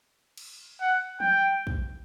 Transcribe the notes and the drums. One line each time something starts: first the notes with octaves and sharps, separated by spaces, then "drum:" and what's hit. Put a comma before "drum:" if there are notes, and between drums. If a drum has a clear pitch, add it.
drum: cymbal
F#5
G5, drum: tom E3
drum: kick